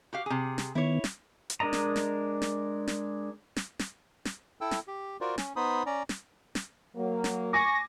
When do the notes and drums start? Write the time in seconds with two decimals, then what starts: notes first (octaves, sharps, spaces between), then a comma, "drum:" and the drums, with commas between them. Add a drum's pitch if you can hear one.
0.13 F#4 G4 F5
0.26 C3 G#4
0.58 drum: snare
0.75 D#3 B3 E4 C#5
1.04 drum: snare
1.50 drum: hi-hat
1.60 G#3 D4 A#4 D#5 A#5
1.73 drum: snare
1.96 drum: snare
2.42 drum: snare
2.88 drum: snare
3.56 drum: snare
3.79 drum: snare
4.25 drum: snare
4.61 E4 A4 G5 E6
4.71 drum: snare
4.87 G4
5.21 F4 F#4 A#4 C5 D5
5.38 C#4, drum: snare
5.56 B3 D#4 C5 B5 D#6
5.86 C#4 D5 A#5
6.09 drum: snare
6.55 drum: snare
6.96 F#3 A#3
7.24 drum: snare
7.53 G#5 C#6 D6 A#6